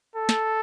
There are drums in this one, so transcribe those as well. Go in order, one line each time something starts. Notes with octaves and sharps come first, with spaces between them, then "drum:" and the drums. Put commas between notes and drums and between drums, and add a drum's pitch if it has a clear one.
A4
drum: snare